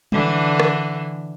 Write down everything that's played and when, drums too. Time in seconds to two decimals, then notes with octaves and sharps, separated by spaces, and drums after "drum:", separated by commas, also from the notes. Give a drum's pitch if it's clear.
0.12 D3 E3 D4, drum: tom G3
0.60 drum: rim click